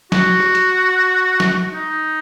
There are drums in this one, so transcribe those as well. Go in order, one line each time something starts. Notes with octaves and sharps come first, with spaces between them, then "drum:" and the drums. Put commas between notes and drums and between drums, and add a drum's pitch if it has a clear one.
F#4, drum: snare
drum: rim click
drum: hi-hat
drum: snare
D#4